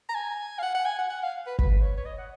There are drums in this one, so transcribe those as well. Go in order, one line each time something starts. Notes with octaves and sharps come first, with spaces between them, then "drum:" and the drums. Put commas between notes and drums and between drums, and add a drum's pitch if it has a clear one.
A#5
G#5
F5
F#5
F#5
G#5
F#5
F#5
F5
B4
B4, drum: kick G1
C#5
C#5
D#5
F#5